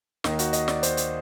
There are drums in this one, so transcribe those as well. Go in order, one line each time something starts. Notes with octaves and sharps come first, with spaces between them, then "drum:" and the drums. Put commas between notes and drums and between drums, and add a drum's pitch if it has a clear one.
D#2 D#3 D#4, drum: snare
F#4, drum: hi-hat
D#5, drum: hi-hat
D5, drum: snare
C5, drum: hi-hat
drum: hi-hat